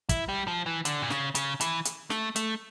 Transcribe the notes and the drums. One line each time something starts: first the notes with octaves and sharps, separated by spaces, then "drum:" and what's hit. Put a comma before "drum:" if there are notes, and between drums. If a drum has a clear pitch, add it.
E4, drum: kick, hi-hat
G3
F3
E3
D3, drum: hi-hat
A#2
C#3, drum: snare
C#3, drum: hi-hat
E3, drum: hi-hat
drum: hi-hat
A3, drum: snare
A3, drum: hi-hat